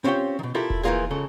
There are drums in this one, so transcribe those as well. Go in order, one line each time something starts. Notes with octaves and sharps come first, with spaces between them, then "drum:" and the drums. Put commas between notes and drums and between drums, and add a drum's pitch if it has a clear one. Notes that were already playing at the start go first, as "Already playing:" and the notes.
C4 C#4 F4 G4 C#5 G5
B2 D#3
E4 F4 G4 A4 A#4 E5
drum: kick E1
D#3 E3 G3 A#3 F4 G#4
C#2 C#3 A4